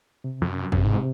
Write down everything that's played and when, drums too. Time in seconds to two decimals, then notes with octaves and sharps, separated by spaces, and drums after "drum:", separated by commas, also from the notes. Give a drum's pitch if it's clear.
0.24 C3
0.42 F2
0.48 F#2
0.72 F#2, drum: kick G1
0.78 C3
0.85 G#2
0.96 C3